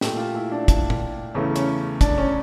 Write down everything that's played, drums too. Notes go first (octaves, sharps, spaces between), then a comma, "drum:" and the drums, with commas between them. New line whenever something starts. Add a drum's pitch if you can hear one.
A#2 A3 G4, drum: snare
F4
E4
D4
D4, drum: kick, hi-hat
drum: tom A#2
E2 C#3 E3 A3 C#4
C#4, drum: hi-hat
D4, drum: kick, hi-hat
C#4